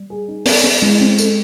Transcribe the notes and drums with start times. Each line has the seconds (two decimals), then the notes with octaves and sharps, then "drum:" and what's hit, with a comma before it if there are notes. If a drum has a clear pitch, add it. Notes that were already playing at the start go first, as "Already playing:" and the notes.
Already playing: G3
0.10 G#4
0.28 D#4
0.45 B3, drum: open hi-hat
0.63 B3
0.82 G#3 E4
1.00 C4
1.18 A4, drum: tambourine